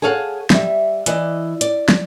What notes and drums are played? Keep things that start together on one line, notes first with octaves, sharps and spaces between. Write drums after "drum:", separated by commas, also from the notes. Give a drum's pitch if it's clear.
G#4 A4 C#5 F5 F#5
G3 E5, drum: snare
E3 D5 D#5, drum: hi-hat
D5, drum: hi-hat
drum: snare